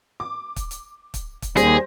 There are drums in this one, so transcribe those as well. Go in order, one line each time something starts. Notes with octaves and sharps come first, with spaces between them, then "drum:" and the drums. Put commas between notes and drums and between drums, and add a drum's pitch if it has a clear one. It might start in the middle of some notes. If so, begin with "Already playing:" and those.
D6
drum: kick, hi-hat
drum: hi-hat
drum: kick, hi-hat
drum: kick, hi-hat
D#2 G3 G#4 C5 A#6, drum: hi-hat